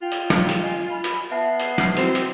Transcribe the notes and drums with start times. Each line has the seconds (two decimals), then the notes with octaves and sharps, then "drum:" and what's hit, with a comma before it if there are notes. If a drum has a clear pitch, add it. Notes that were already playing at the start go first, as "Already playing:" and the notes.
0.02 F4 G5
0.12 drum: hi-hat
0.30 drum: snare
0.49 drum: hi-hat
0.63 D#5 G#5
0.90 B5
1.04 drum: hi-hat
1.31 B3 B4 E5 A5 C7
1.60 drum: hi-hat
1.78 drum: snare
1.97 C4 E4 F#4 A#4, drum: hi-hat
2.15 drum: hi-hat